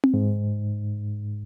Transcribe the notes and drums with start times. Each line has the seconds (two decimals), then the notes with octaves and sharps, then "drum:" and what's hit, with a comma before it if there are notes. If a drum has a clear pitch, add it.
0.04 drum: tom C4
0.14 G#2